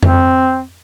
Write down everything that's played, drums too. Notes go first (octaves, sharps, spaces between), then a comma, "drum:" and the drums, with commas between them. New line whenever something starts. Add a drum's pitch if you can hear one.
C4, drum: tom F2